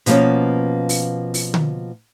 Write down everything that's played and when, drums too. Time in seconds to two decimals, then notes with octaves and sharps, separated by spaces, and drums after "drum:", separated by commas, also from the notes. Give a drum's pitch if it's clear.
0.06 B2 F3 A#3 B3 C#4, drum: hi-hat
0.89 drum: open hi-hat
1.34 drum: open hi-hat
1.54 drum: tom D3